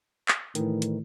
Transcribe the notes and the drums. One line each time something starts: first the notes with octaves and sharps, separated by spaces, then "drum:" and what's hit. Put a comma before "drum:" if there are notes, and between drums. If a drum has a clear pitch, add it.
drum: clap
A2 D#3 E3, drum: hi-hat
drum: hi-hat